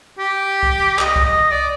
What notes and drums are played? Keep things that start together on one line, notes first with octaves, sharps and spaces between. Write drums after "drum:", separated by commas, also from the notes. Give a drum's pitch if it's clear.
G4
drum: kick C2
D#5, drum: clap
drum: kick C2
D#5
D5